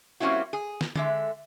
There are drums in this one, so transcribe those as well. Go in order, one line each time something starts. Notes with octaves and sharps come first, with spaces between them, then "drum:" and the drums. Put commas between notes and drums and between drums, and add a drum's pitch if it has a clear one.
G3 A#3 C4 C#4 E4 F#4
G#4
drum: snare
D3 G#3 E5, drum: tom D3